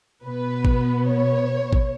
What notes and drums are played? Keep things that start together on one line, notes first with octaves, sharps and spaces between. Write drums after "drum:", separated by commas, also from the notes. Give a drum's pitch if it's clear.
B2 B3 B4
drum: kick A1
C#5
drum: kick A1